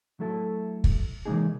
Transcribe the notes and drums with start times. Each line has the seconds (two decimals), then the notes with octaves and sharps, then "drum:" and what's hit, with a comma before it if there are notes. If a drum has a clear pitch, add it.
0.20 F#3 A3 E4 A4
0.84 drum: kick
1.25 C#3 E3 G#3 A#3 D#4 G#4